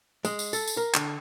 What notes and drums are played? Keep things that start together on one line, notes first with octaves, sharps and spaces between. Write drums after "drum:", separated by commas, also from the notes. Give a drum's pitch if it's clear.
G#3, drum: tambourine
drum: tambourine
A4, drum: tambourine
drum: tambourine
A#4
D3, drum: clap